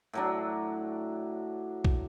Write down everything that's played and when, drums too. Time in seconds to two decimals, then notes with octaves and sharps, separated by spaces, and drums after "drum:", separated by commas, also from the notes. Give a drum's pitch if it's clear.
0.13 A2 F#3 D4
1.85 drum: kick